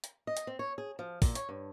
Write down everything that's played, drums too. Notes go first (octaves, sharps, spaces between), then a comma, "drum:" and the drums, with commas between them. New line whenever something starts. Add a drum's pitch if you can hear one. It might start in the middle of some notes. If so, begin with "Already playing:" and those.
drum: hi-hat
D#5
drum: hi-hat
C4
C#5
G#4
F3
A#2, drum: kick, open hi-hat
C#5, drum: hi-hat
G2